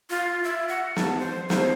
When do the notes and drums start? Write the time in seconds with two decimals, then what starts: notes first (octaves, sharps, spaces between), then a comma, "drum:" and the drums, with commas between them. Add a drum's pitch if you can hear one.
0.10 F4
0.44 E5
0.68 F#5
0.96 A5, drum: snare
1.19 C5
1.50 C5, drum: snare